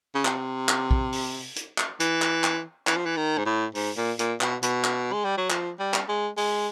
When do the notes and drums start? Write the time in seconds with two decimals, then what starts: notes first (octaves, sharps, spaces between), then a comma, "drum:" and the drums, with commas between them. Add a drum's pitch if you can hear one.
0.15 C#3
0.25 C3, drum: clap
0.69 drum: clap
0.91 drum: kick A#1
1.13 drum: open hi-hat
1.56 drum: hi-hat
1.78 drum: clap
2.00 E3, drum: hi-hat
2.22 drum: clap
2.44 drum: clap
2.87 E3, drum: clap
2.97 F3
3.06 E3
3.17 D#3
3.38 G#2
3.46 A2
3.75 G#2, drum: open hi-hat
3.97 A#2
4.19 A#2, drum: hi-hat
4.41 B2, drum: clap
4.63 B2, drum: hi-hat
4.84 drum: clap
5.13 G#3
5.25 G3
5.38 F#3
5.50 F3, drum: clap
5.79 G3
5.94 drum: clap
6.08 G#3
6.37 G#3, drum: open hi-hat